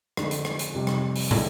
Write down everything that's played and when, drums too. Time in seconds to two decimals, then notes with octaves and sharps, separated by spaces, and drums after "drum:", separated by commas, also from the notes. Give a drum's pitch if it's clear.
0.17 F2 D3 G#3, drum: rim click
0.31 drum: hi-hat
0.45 drum: rim click
0.59 drum: hi-hat
0.74 F2 C3 G3
0.87 drum: rim click
1.15 drum: open hi-hat
1.31 D3 F3 G#3, drum: tom